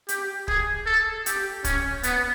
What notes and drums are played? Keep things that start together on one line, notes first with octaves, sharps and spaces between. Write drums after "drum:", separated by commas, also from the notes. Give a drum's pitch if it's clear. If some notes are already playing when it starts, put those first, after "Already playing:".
G4, drum: hi-hat
G#4, drum: kick
A4
G4, drum: hi-hat
C#4, drum: kick, hi-hat
B3, drum: hi-hat